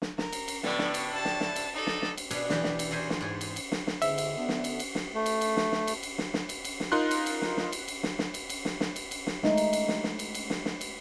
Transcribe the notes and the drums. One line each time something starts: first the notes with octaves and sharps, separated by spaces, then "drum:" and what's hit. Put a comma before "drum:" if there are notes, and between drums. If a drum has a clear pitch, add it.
drum: snare
A#4, drum: snare
drum: cymbal
drum: cymbal
A2 D3 B3, drum: snare
drum: snare
drum: cymbal
A5
drum: snare
drum: snare
drum: cymbal
D#4 A4 D5
drum: snare
drum: snare
drum: cymbal
B2 B3 D4 F#4 G#4, drum: cymbal
E2 E3 G4 B4 B5, drum: snare
drum: snare
drum: cymbal
E2 A#2 F#4 C5 G#5
drum: snare
G#2 G#4 G#5
drum: cymbal
drum: cymbal
drum: snare
drum: snare
E2 G#2 D3 E5, drum: cymbal
drum: cymbal
D3 B3
drum: snare
drum: cymbal
drum: cymbal
drum: snare
A3
drum: cymbal
drum: cymbal
drum: snare
drum: snare
drum: cymbal
drum: cymbal
drum: snare
drum: snare
drum: cymbal
drum: cymbal
drum: snare
D#4 F4 A#4 C6 F#6
drum: cymbal
drum: cymbal
drum: snare
drum: snare
drum: cymbal
drum: cymbal
drum: snare
drum: snare
drum: cymbal
drum: cymbal
drum: snare
drum: snare
drum: cymbal
drum: cymbal
drum: snare
G#3 A3 D#4, drum: snare
drum: cymbal
drum: cymbal
drum: snare
drum: snare
drum: cymbal
drum: cymbal
drum: snare
drum: snare
drum: cymbal